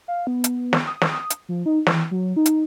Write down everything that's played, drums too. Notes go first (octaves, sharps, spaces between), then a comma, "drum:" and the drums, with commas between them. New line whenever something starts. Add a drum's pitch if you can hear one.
F5
B3
drum: hi-hat
drum: snare
D#6
drum: snare
drum: hi-hat
F3
D#4
E3, drum: snare
F#3
D#4
drum: hi-hat